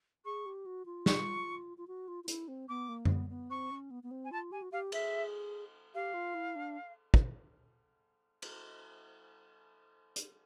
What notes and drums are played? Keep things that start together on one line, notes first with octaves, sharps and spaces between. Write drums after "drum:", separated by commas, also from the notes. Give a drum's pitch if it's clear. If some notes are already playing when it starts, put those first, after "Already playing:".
G#4 C#6
G4
F#4
F4
C#6, drum: snare
F4
F#4
F4
F4
E4, drum: hi-hat
C4
B3 D6
A#3
C4, drum: tom F#2
B3
B3
C4 C#6
C#4
B3
B3
C4
G#5
F4 A5
G4 G#5
F#4
G4 F5
G#4 E5, drum: cymbal
G4 F5
F4
E4
D4
drum: kick
drum: cymbal
drum: hi-hat